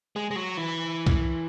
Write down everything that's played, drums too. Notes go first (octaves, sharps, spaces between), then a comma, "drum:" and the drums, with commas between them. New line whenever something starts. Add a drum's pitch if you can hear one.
G#3
G#3
F#3
E3
drum: kick C2, cymbal